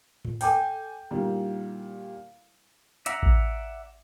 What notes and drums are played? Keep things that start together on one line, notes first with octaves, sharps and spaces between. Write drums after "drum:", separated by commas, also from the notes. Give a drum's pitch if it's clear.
drum: tom A2
A4 G5 G#5 D6 G6, drum: open hi-hat
A#2 D#3 G3 E4
D5 E5 F#5 A#5, drum: hi-hat
drum: kick A1